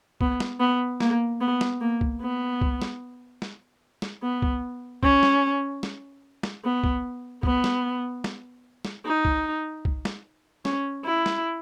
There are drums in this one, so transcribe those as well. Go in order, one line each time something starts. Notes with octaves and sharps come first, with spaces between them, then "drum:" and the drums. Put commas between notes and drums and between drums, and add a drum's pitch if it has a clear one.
B3, drum: kick C2
drum: snare
B3
A#3, drum: snare
B3
drum: snare
A#3
drum: kick C2
B3
drum: kick C2
drum: snare
drum: snare
drum: snare
B3
drum: kick C2
C#4, drum: kick C2
drum: snare
drum: snare
drum: snare
B3
drum: kick C2
B3, drum: kick C2
drum: snare
drum: snare
drum: snare
D#4
drum: kick C2
drum: kick C2
drum: snare
C#4, drum: snare
E4
drum: snare